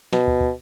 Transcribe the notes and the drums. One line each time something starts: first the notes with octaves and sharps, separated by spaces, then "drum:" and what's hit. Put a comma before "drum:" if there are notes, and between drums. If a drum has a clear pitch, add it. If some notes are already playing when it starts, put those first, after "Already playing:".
B2, drum: snare
drum: kick
drum: kick